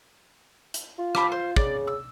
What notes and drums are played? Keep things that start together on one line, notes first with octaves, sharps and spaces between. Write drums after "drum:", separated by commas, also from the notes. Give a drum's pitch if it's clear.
drum: hi-hat
F4
G4 A5 B5, drum: rim click
C5
C#3 D5, drum: kick
E6